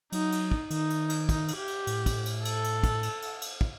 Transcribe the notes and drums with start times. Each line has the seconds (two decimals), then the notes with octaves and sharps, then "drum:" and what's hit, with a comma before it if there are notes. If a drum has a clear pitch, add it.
0.12 F#3 D#4, drum: cymbal
0.32 drum: cymbal
0.51 drum: kick
0.70 D#3 D#4, drum: cymbal
0.90 drum: cymbal
1.09 drum: cymbal
1.29 D#4, drum: kick, cymbal
1.48 drum: cymbal
1.57 G4
1.67 drum: cymbal
1.87 A2, drum: cymbal
2.06 drum: kick, cymbal
2.25 drum: cymbal
2.45 A4, drum: cymbal
2.64 drum: cymbal
2.84 drum: kick, cymbal
3.03 drum: cymbal
3.22 drum: cymbal
3.42 drum: cymbal
3.61 drum: kick